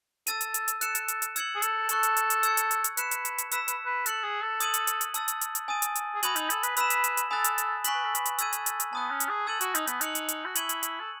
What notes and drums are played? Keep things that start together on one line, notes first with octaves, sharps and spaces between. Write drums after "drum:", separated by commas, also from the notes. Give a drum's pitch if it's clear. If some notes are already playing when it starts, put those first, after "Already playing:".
A4 E6 A6 D#7, drum: hi-hat
drum: hi-hat
drum: hi-hat
drum: hi-hat
A4 F#6 C#7 E7, drum: hi-hat
drum: hi-hat
drum: hi-hat
drum: hi-hat
E6 G#6 C#7 F#7, drum: hi-hat
G#4
A4, drum: hi-hat
A4 A5 C#6 F#6, drum: hi-hat
drum: hi-hat
drum: hi-hat
drum: hi-hat
E6 G#6 C#7, drum: hi-hat
drum: hi-hat
drum: hi-hat
drum: hi-hat
B4 F#6 C#7 E7, drum: hi-hat
drum: hi-hat
drum: hi-hat
drum: hi-hat
B4 E6 B6 E7, drum: hi-hat
B4, drum: hi-hat
B4
A4 F#6 C#7 F#7, drum: hi-hat
G#4
A4
D#6 G#6 D#7 F#7, drum: hi-hat
drum: hi-hat
drum: hi-hat
drum: hi-hat
A5 E6 A6, drum: hi-hat
drum: hi-hat
drum: hi-hat
drum: hi-hat
G#5 D#6 A6 D#7
drum: hi-hat
drum: hi-hat
G#4
F#4 B5 D#6 G#6 D#7 F#7, drum: hi-hat
D#4, drum: hi-hat
A4, drum: hi-hat
B4, drum: hi-hat
B4 B5 E6 B6 E7, drum: hi-hat
drum: hi-hat
drum: hi-hat
drum: hi-hat
A4 G#5 B5 D#6 F#6 A6
drum: hi-hat
drum: hi-hat
G#5 C#6 F#6 B6 F#7, drum: hi-hat
B4
A4
B4, drum: hi-hat
drum: hi-hat
A4 E6 G#6 D#7, drum: hi-hat
drum: hi-hat
drum: hi-hat
drum: hi-hat
B3 A5 D#6 F#6
C#4
drum: hi-hat
G#4
A4 E6 G#6 D#7 F#7
F#4, drum: hi-hat
D#4, drum: hi-hat
B3, drum: hi-hat
D#4 F#6 C#7 F#7, drum: hi-hat
drum: hi-hat
drum: hi-hat
F#4
E4 C#6 G#6 D#7 F#7, drum: hi-hat
drum: hi-hat
drum: hi-hat
A4